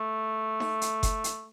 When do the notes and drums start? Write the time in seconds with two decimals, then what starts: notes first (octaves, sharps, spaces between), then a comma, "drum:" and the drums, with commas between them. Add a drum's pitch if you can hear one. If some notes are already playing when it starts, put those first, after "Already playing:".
Already playing: A3
0.60 drum: snare D#4
0.81 drum: hi-hat
1.03 drum: kick F#1, hi-hat
1.24 drum: hi-hat